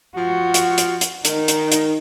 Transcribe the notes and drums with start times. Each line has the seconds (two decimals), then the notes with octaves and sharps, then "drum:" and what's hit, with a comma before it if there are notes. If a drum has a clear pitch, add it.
0.17 F3 F#4
0.54 drum: hi-hat
0.78 drum: hi-hat
1.01 drum: hi-hat
1.25 D#3 D#4, drum: hi-hat
1.48 drum: hi-hat
1.72 drum: hi-hat